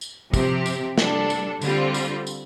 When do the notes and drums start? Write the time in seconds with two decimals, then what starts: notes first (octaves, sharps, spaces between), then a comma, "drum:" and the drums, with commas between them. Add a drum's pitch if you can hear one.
0.01 drum: tambourine
0.34 C3 F3 C4 G4, drum: kick, tambourine
0.66 drum: tambourine
0.98 G3 D4 A4, drum: snare
1.30 drum: tambourine
1.62 D3 G3 C4 F4, drum: tambourine
1.94 drum: tambourine
2.27 drum: tambourine